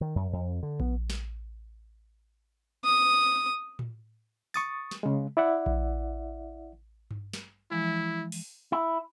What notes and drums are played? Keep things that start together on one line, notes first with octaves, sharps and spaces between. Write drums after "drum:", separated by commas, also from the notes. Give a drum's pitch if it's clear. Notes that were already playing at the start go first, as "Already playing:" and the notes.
D#3
F#2
F2
D3
B3, drum: kick A#1
drum: snare
D#6
drum: tom A2
C#6 D#6 A6, drum: tambourine
drum: snare
C#3 G#3
E4 D5 E5 F#5
drum: kick A#1
drum: tom G2
drum: snare
E3 F3 G#3 E4
drum: open hi-hat
E4